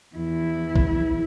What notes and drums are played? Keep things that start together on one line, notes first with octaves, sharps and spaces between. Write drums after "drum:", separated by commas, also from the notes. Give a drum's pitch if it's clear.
E2 E4
drum: kick